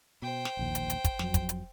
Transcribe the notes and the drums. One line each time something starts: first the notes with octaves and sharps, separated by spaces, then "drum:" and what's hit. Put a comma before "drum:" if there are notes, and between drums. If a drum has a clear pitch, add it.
B2 C5 G5
drum: snare
E1 A#1 D#2
drum: hi-hat
drum: hi-hat
drum: kick, hi-hat
F2 F#3, drum: snare
drum: kick, hi-hat
drum: hi-hat